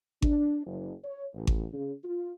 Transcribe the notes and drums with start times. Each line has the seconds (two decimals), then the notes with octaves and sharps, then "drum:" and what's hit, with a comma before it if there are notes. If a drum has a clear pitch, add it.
0.22 D4, drum: kick G#1
0.66 F#1
1.03 C#5
1.34 A1
1.47 drum: kick G#1
1.73 C#3
2.04 F4